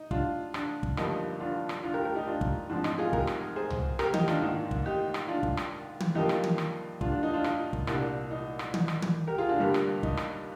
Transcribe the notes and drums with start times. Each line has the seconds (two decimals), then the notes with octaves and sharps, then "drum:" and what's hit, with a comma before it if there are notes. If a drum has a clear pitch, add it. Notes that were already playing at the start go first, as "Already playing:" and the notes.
Already playing: D#4
0.11 D4 F4, drum: kick
0.54 D4, drum: rim click
0.83 drum: kick
0.97 G2 D3 F3 A#3 D#4, drum: rim click
1.40 D4 F4
1.69 drum: rim click
1.83 D4 F4
1.94 G4 A#4
2.05 G4 A#4
2.16 D#4 G4
2.27 D4 F4
2.41 drum: kick
2.70 G#2 F3 C4 D4
2.84 D#4, drum: rim click
2.98 F4 G#4
3.13 G4 A#4, drum: kick
3.27 drum: rim click
3.56 G#4 C5
3.70 drum: tom C2
3.99 G4 A#4, drum: rim click
4.14 D#4 G4, drum: tom
4.28 D4 F4, drum: rim click
4.42 G#2 D#3 A#3
4.71 drum: kick
4.86 D#4 G4
5.14 drum: rim click
5.28 D4 F4
5.43 drum: kick
5.57 drum: rim click
6.00 drum: tom
6.15 G2 F3 A#3 D#4 G4
6.29 drum: rim click
6.44 drum: tom
6.58 drum: rim click
7.01 D4 F4, drum: kick
7.12 D4
7.23 D#4
7.33 D4 F4
7.44 D#4, drum: rim click
7.73 drum: kick
7.87 C2 A#2 G3 D4, drum: rim click
8.31 D#4
8.59 drum: rim click
8.74 D#4, drum: tom
8.88 drum: rim click
9.02 drum: tom
9.28 G4 A#4
9.38 F4 G#4
9.49 D4 F4
9.60 G2 D3 G3 A#3
9.74 drum: rim click
10.03 D#4, drum: kick
10.17 drum: rim click